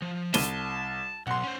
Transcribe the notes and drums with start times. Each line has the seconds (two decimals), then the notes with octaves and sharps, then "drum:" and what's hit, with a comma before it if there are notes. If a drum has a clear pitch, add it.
0.02 F3
0.34 C2 A5 D#7 G7, drum: snare
1.27 B1 F#5 C6
1.44 C#4 C5